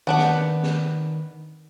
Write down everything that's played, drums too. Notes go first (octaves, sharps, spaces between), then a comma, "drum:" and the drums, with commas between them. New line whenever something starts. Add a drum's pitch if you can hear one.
D#3 B3 D4 F#5
drum: snare
drum: snare